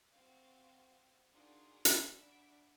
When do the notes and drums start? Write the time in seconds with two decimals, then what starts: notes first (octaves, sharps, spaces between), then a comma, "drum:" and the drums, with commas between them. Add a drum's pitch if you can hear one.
0.13 C4 F#4 F5
1.34 D4 D#4 F4 F#4 G#4 A#4
1.85 drum: hi-hat
2.15 D4 F#4 E5 B5 B6 D7